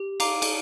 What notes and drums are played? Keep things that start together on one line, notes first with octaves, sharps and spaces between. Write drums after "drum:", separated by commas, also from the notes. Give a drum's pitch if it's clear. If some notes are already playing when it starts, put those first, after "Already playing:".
Already playing: G4
F5 A#5 D6, drum: cymbal
drum: cymbal